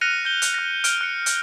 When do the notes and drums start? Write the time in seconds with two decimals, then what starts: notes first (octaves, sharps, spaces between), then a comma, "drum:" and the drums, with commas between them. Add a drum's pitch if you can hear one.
0.01 F6 F#6 A#6 C#7 D#7 F7
0.25 G6 G7
0.42 drum: hi-hat
0.54 F#6 A#6
0.84 F6 D7, drum: hi-hat
1.01 F#6 C#7
1.26 drum: hi-hat